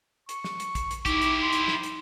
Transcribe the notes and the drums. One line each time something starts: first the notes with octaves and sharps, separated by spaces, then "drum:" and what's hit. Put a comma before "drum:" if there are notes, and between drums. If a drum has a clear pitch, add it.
C#6, drum: hi-hat
drum: snare
drum: hi-hat
drum: kick, hi-hat
drum: hi-hat
D#4 E4 G4 D6, drum: kick, hi-hat
drum: hi-hat
C6
drum: hi-hat
drum: snare
drum: hi-hat